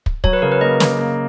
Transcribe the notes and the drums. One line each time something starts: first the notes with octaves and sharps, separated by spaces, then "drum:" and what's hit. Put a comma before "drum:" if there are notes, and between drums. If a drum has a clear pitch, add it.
drum: kick
F#3 C#5, drum: kick
B4
C#3 A#4
B4
A#3 D#5
A#3, drum: snare
A#3